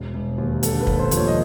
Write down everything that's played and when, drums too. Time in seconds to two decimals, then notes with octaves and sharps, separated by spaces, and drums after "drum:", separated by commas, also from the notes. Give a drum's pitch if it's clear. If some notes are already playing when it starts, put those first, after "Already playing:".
Already playing: E1
0.14 E1
0.38 D#2
0.63 D3 A4, drum: hi-hat
0.81 B4
0.87 D#2, drum: kick
0.99 C5
1.11 F3, drum: hi-hat
1.17 C#5
1.27 D#5